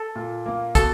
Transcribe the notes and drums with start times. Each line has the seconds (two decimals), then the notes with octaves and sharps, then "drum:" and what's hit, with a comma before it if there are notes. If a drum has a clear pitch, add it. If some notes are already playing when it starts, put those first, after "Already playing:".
Already playing: A4
0.15 A#2
0.46 A#3
0.75 B2 A4, drum: kick, hi-hat